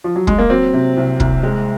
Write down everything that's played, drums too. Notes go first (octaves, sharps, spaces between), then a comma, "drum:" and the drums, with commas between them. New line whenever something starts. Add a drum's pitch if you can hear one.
F3
F#3
G#3, drum: kick
A#3
F#3 C4
C3
C2
C2, drum: kick
G#3